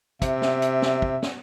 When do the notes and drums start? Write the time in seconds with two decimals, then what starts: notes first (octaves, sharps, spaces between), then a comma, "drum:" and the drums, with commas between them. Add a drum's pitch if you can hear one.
0.22 C3 E5, drum: kick, hi-hat
0.42 drum: snare
0.62 drum: hi-hat
0.82 drum: snare
1.02 drum: kick
1.22 drum: snare